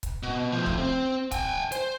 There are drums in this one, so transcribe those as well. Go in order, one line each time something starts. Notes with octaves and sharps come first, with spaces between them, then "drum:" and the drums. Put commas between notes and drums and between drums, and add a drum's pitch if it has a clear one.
drum: kick C#1, hi-hat
B2
F3 A3
drum: kick C#1
C4
G5 G#5, drum: kick C#1, hi-hat
C5, drum: hi-hat